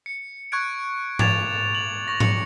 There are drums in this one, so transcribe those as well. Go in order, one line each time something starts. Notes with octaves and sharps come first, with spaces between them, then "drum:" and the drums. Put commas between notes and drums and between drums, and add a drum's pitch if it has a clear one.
C#7
C#6 F#6 G#6 D7
D6 G#6 A6 F7, drum: tom G#2
F#7
C#6 A#6
C#7, drum: tom G#2